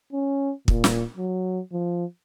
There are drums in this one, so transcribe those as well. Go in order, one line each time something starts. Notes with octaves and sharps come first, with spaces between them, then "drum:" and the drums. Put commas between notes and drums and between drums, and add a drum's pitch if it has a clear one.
C#4
A#2, drum: kick
drum: snare
F#3
F3